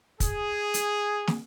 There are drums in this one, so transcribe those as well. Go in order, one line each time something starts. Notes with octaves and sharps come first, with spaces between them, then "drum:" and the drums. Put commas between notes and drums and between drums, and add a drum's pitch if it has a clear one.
G#4, drum: kick, hi-hat
drum: hi-hat
drum: snare